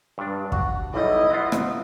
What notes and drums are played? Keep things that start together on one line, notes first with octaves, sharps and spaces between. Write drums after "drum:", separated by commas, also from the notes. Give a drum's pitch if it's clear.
G2 D4
F#4, drum: kick
B1 E2 G3 E4 D#5
B3 F4
drum: rim click